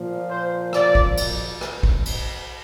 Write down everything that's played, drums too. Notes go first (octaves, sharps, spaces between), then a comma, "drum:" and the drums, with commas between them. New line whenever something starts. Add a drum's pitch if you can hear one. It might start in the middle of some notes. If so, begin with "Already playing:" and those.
Already playing: A#2 F3
C5
D5, drum: rim click
drum: kick
drum: cymbal
drum: rim click
drum: kick
drum: cymbal